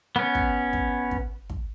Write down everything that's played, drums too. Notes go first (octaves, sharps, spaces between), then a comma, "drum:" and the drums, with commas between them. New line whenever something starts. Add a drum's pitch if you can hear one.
B3 C#4
drum: kick
drum: kick
drum: kick
drum: kick